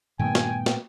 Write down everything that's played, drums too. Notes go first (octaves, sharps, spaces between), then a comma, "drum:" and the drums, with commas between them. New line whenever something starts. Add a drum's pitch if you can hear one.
G2 A#2 D#3 A3 B3 G5 G#5
drum: snare
drum: snare